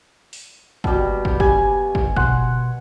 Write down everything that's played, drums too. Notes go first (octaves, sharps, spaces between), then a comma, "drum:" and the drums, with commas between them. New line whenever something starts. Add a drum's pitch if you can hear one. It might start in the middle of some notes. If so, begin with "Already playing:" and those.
drum: open hi-hat
B2 G3, drum: kick
drum: kick
G4 G#5, drum: kick
drum: kick
B2 F#5 C6 F#6, drum: kick